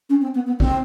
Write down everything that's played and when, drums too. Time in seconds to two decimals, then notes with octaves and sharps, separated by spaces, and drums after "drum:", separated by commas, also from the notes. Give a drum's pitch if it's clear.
0.10 C#4
0.22 C4
0.35 B3
0.47 B3
0.60 C4, drum: kick A#1